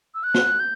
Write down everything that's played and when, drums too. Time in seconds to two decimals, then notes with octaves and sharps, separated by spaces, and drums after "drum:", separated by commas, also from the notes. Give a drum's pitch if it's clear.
0.15 E6
0.24 F#6
0.34 drum: snare
0.60 G6